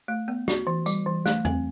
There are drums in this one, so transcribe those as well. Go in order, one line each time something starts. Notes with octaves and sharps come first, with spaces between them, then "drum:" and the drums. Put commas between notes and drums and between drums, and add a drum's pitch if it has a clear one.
A3
B3
F#4, drum: snare
E3
G3, drum: tambourine
E3
A3, drum: snare
C4, drum: tom E2